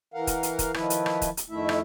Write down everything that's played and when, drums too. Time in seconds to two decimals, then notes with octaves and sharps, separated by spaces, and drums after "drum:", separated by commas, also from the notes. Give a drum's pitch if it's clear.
0.14 E3 A#4 F5 F#5
0.27 drum: kick, hi-hat
0.43 drum: hi-hat
0.59 drum: kick, hi-hat
0.74 D#3 F3 E4 B4, drum: rim click
0.90 drum: hi-hat
1.06 drum: rim click
1.22 drum: kick, hi-hat
1.37 drum: hi-hat
1.49 F2 D#3 A3 E4 E5
1.69 drum: rim click